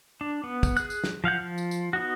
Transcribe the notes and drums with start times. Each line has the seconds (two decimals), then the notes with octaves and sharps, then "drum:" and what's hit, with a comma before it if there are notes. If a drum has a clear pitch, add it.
0.21 D4
0.44 B3
0.63 drum: kick, tambourine
0.77 G#4 F#6, drum: tambourine
0.90 drum: tambourine
1.04 drum: snare
1.24 F3 F5 F#5 G6
1.40 F3
1.58 drum: tambourine
1.71 drum: tambourine
1.93 B3 D#4 F#4